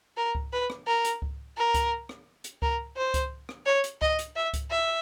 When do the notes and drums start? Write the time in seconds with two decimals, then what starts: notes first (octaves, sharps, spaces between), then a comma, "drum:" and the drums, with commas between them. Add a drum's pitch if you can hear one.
0.17 A#4
0.35 drum: kick C#2
0.53 B4
0.70 drum: rim click
0.87 A#4
1.05 drum: hi-hat
1.22 drum: kick C#2
1.57 A#4
1.74 drum: kick C#2, hi-hat
2.09 drum: rim click
2.44 drum: hi-hat
2.62 A#4, drum: kick C#2
2.97 C5
3.14 drum: kick C#2, hi-hat
3.49 drum: rim click
3.66 C#5
3.84 drum: hi-hat
4.02 D#5, drum: kick C#2
4.19 drum: hi-hat
4.36 E5
4.54 drum: kick C#2, hi-hat
4.71 E5